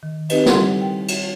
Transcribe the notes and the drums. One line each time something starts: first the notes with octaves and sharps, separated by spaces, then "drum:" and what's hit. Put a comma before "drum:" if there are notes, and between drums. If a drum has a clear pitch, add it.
D#3
C4 D#4 G4 B4 D#5, drum: cymbal
G3 E4 A4 A#4 F#5 C6, drum: snare
A#4 G5
drum: cymbal